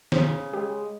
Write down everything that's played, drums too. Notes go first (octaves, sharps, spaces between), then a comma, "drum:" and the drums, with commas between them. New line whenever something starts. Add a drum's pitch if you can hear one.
C#3 C5, drum: snare
G#3 G4